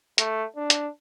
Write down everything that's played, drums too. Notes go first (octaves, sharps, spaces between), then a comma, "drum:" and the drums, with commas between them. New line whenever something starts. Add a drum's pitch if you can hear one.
A3, drum: hi-hat
D4
drum: hi-hat